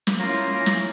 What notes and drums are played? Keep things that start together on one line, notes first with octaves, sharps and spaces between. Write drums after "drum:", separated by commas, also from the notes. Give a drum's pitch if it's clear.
drum: snare
A#3 C#4 E4 F4 A#6
drum: snare